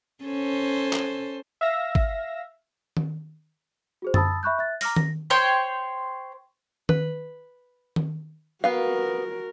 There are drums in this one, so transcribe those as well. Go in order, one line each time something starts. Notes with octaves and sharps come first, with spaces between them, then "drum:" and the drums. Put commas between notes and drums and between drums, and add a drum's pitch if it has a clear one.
C#4 A4 C5
drum: clap
E5 F5 E6 A#6
drum: kick
drum: tom D#3
F#4 G#4 C5
A5 B5 D#6 E6 A6, drum: tom F#2
E5 B5 C#6 F#6 G6
E5 F#6 A6
A#5 D6 F6 A#6, drum: open hi-hat
A#6, drum: tom D#3
C5 C#5 G5 C6
B4, drum: tom D#3
drum: tom D#3
B3 F#4 A#4 F5